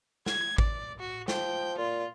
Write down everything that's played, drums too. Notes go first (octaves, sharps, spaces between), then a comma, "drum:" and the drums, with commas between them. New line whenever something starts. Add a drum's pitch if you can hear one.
G#6, drum: snare
D5, drum: kick G#1
F#4
F3 G5, drum: snare
A#2 F4